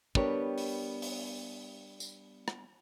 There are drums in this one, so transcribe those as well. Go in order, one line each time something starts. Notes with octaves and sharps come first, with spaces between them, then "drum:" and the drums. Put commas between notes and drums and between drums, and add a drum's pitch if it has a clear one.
G3 B3 D4 G4 A#4 C#5, drum: kick
drum: open hi-hat
drum: open hi-hat
drum: tambourine
drum: rim click